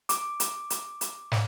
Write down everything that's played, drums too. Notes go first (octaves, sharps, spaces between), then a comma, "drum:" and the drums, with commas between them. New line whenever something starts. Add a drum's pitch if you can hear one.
D6, drum: hi-hat
drum: hi-hat
drum: hi-hat
drum: hi-hat
drum: snare